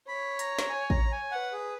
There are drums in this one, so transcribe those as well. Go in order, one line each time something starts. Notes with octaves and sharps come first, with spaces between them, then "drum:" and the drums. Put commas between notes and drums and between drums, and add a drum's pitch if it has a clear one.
C#5 B5
A#5, drum: hi-hat
drum: snare
G#5
A#5, drum: kick A1
G#5
B4 F#5
G#4